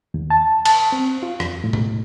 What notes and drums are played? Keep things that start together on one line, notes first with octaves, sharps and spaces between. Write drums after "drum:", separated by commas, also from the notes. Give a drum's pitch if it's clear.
D#2
A5
A5, drum: cymbal
C4
F4
F2, drum: rim click
A2
drum: tom B2